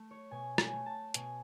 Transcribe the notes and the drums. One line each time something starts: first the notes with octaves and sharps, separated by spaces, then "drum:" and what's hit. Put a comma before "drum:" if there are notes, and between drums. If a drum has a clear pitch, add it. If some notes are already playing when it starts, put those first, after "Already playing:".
Already playing: A3
C#5
B2 G#5
G#5, drum: rim click
A3
A5
B2 G#5, drum: hi-hat